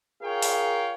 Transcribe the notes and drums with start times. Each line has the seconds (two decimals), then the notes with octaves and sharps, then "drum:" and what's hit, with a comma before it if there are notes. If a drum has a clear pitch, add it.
0.22 F4 G#4 A#4 C#5 F5 G5
0.42 drum: open hi-hat